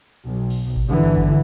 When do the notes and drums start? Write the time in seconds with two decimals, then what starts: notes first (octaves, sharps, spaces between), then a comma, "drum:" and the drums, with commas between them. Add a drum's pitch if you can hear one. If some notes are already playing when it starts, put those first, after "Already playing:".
0.25 B1
0.50 drum: cymbal
0.76 drum: kick G#1
0.86 G1 D3 E3
1.17 drum: kick G#1